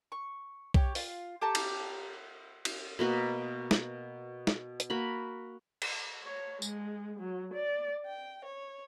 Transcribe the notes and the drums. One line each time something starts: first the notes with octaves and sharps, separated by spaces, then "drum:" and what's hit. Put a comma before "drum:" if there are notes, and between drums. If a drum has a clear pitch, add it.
C#6
G4 C#5, drum: kick B1
F4, drum: open hi-hat
G4 A4 A5 A#5
drum: cymbal
drum: cymbal
B2 A#3 F#4 B4
drum: snare
drum: snare
drum: hi-hat
A#3 F#4 B5
drum: cymbal
C#5
G#3, drum: tambourine
F#3
D5
G5
C#5